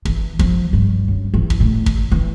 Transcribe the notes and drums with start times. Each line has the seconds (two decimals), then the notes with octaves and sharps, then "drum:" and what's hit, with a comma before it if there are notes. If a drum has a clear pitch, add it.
0.05 E3, drum: kick
0.39 F3, drum: kick
0.73 G2
1.08 F#2
1.34 E3
1.50 drum: kick
1.60 A2
1.86 drum: kick
2.11 E3